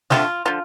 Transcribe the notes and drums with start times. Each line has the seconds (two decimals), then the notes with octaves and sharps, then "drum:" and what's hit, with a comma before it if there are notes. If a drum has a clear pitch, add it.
0.10 D3 A3 C4 F4, drum: snare
0.45 D3 F3 F4